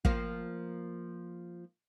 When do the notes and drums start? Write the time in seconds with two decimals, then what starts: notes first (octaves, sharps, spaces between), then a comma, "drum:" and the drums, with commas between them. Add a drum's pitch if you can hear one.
0.05 F3 A#3 F4, drum: kick